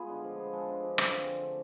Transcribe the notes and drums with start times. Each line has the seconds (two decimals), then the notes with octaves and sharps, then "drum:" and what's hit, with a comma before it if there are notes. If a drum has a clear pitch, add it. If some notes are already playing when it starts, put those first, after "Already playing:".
Already playing: G#3 B3 F4 G#4
0.09 D3
0.24 F3
0.39 B3
0.53 G#3 A4
0.69 D3
0.83 F3
0.98 D3, drum: rim click
1.12 C4
1.27 D3
1.42 A3